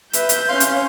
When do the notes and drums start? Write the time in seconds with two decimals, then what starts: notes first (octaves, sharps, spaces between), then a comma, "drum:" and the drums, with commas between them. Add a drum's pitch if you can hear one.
0.13 B4 E5 G6, drum: hi-hat
0.29 drum: hi-hat
0.49 C#4 C#5 F5 C6
0.60 drum: hi-hat